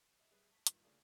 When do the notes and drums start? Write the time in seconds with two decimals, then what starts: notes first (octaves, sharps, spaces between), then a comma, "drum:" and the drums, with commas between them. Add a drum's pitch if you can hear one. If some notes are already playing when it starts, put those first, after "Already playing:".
0.20 D#5 E5
0.31 G3 G#4 B4 E5
0.52 A5 C#6 B6
0.67 G2 A#2 D#3, drum: hi-hat
0.84 C#3 A3 A#3 D4 F4 G#4